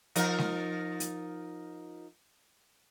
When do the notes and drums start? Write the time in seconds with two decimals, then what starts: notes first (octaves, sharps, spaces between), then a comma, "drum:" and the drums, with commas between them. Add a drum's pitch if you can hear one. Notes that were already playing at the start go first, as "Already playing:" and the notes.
0.16 F3 D#4 A#4, drum: hi-hat
0.38 drum: snare
1.00 drum: hi-hat